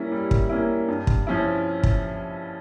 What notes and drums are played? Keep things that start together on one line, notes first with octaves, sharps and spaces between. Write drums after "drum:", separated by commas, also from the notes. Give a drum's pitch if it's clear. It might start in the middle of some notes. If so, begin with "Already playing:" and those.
Already playing: G3 A#3 C#4 E4
G3
drum: kick
A#3 C#4 E4
G2
drum: kick
F3 C#4 E4
drum: kick